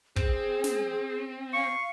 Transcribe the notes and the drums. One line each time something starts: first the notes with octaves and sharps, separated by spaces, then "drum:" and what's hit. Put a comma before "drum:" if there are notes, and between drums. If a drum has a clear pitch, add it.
C4 G#4, drum: kick
drum: snare
F5 C#6